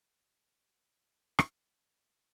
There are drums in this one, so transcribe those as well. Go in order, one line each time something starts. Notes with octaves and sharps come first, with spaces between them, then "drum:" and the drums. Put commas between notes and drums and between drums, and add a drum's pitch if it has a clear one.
D#5 F5
drum: rim click
C#3 E4